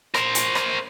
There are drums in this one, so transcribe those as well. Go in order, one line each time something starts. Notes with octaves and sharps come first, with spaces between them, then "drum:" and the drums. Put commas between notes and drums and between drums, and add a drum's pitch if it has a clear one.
A#4 C5, drum: rim click
drum: hi-hat
drum: rim click